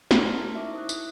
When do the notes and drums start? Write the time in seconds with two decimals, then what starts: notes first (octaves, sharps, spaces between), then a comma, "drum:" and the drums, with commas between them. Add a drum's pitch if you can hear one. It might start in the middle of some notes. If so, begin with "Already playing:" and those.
0.11 D5 A#5 C6 F6 G#6, drum: snare
0.26 C#4 E4 F#4 A#4 A5
0.53 D#4 E4 E5 C#6 D6
0.74 C5 D#6 F#6
0.89 drum: tambourine